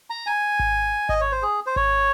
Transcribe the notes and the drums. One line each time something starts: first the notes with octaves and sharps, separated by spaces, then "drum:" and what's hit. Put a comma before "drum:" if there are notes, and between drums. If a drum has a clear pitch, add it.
A#5
G#5
drum: kick G#1
D#5, drum: kick G#1
C#5
C5
G#4
C5
C#5, drum: kick G#1